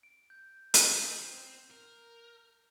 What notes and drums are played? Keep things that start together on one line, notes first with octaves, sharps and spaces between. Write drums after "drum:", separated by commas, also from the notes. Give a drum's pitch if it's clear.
D7
G6
drum: hi-hat
G#4
C4
A#4